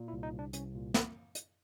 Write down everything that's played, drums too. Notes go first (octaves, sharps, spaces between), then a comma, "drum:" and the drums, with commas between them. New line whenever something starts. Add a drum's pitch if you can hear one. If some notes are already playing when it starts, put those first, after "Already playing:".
Already playing: A#2
E4
C2
D#4
C2
D4
C2 C#4, drum: hi-hat
A#2
drum: snare
drum: hi-hat